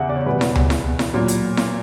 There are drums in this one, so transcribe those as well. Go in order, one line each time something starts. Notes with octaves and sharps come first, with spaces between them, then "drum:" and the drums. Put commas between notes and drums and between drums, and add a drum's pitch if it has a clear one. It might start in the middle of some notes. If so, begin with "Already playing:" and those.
Already playing: E2 C#3 E5 F#5
D5
C#5
E2 B2 G3 B4
drum: snare E4
drum: tom C#2
drum: snare E4
drum: snare E4
A#2 F#3
drum: hi-hat
drum: snare E4